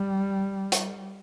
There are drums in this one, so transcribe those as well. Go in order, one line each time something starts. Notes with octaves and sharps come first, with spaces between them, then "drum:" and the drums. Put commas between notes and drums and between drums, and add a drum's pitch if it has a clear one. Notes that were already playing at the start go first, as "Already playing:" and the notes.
Already playing: G3
drum: hi-hat